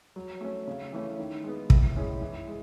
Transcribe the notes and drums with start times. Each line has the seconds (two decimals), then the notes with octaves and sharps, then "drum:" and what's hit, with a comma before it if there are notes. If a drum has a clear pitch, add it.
0.16 F#3
0.41 A3 C#4
0.67 C#3
0.93 E3 A3 C#4
1.18 D#3
1.44 G#3 B3
1.70 A2, drum: kick
1.96 G#3 C#4 E4
2.21 E3
2.47 G#3